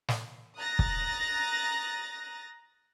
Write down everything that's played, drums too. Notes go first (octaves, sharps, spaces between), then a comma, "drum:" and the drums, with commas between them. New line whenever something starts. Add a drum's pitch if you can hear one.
drum: snare
A#5 D#6 F#6 A6 A#6
drum: kick